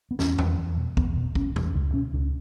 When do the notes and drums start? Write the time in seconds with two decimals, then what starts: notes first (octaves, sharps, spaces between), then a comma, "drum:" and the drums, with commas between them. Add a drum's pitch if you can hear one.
0.11 B3
0.19 E2 C#4, drum: snare
0.38 E2, drum: tom F2
0.58 E2
0.78 B2
0.97 E2 B3, drum: kick
1.16 B2
1.35 B2 C#4, drum: kick
1.56 E2, drum: tom B2
1.75 C#2 D4
1.94 B2 C#4
2.13 C#2 D4